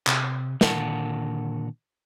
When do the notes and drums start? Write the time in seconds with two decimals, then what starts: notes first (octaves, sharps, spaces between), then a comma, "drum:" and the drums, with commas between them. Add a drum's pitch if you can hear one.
0.07 C3, drum: clap
0.61 A#2 D3 D#3 A#4 F#5 A5, drum: snare